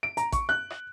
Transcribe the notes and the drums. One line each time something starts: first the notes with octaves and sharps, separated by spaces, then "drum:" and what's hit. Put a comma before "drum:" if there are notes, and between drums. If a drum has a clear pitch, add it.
D7
A#5, drum: hi-hat
C#6, drum: kick A1, hi-hat
F#6
drum: rim click